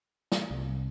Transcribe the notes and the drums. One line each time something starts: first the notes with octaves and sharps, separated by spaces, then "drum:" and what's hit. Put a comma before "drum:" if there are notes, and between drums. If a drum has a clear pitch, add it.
drum: snare
C2